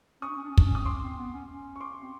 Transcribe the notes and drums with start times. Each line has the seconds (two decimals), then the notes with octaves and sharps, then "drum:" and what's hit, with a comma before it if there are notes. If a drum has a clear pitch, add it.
0.22 C#4 C#6 D#6
0.29 D4
0.37 C#4
0.43 D4
0.51 C#4
0.58 D4, drum: kick
0.65 C#4
0.75 C4 D#6
0.85 C#4 C6 D6
1.02 C4
1.17 B3
1.33 C#4
1.49 C#4
1.76 C#6
1.81 C6 D6
2.02 C4